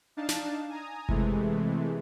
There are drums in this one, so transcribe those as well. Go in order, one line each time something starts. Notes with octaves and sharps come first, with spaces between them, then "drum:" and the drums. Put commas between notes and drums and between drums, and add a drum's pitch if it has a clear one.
D4 D#4 F5 A5
drum: snare
G#5 A#5 D#6
C3 E3 G#3 A3, drum: kick F#1